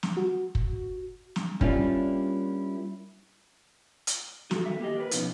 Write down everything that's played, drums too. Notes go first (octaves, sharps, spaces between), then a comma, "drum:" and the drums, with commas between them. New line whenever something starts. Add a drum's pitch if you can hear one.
drum: snare
F#4
drum: kick
drum: snare
G3 A#3 C#4 D4 E4 F4, drum: kick
drum: hi-hat
F#4 A4, drum: snare
D#3 E5
A#3 G4 D#5
A#4 B4
B2 F3 B3 C#4 D#4 F4, drum: hi-hat